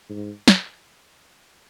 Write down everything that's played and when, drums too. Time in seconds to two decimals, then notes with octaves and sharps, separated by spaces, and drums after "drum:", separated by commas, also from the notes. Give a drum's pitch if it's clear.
0.10 G#2
0.48 drum: snare